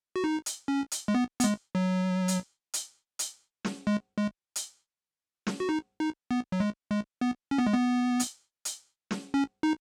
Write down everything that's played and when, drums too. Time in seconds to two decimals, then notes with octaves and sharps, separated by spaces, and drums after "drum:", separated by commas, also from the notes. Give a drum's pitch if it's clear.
0.16 F#4
0.24 D#4
0.46 drum: hi-hat
0.68 C#4
0.91 drum: hi-hat
1.08 G#3
1.14 B3
1.40 B3, drum: hi-hat
1.44 G#3
1.75 F#3
2.28 drum: hi-hat
2.74 drum: hi-hat
3.19 drum: hi-hat
3.65 drum: snare
3.87 G#3
4.18 G#3
4.56 drum: hi-hat
5.47 drum: snare
5.60 F#4
5.69 D#4
6.00 D#4
6.31 B3
6.52 F#3
6.60 G#3
6.91 G#3
7.21 B3
7.51 C#4
7.58 B3
7.67 G#3
7.74 B3
8.20 drum: hi-hat
8.65 drum: hi-hat
9.11 drum: snare
9.34 C#4
9.63 D#4